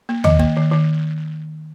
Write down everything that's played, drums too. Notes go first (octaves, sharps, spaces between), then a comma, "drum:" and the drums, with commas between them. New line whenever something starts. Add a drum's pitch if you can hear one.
A#3
D#3 D#5, drum: tom
A#3, drum: kick
D#3
D#3